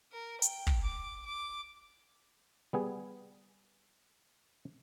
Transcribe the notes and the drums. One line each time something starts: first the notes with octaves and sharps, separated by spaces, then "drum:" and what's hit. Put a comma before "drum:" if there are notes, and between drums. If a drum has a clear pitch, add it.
A#4
G5, drum: hi-hat
drum: kick
D6
D6
G3 B3 G#4